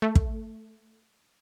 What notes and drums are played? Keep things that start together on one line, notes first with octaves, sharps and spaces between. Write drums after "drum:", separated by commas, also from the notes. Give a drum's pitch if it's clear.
A3
drum: kick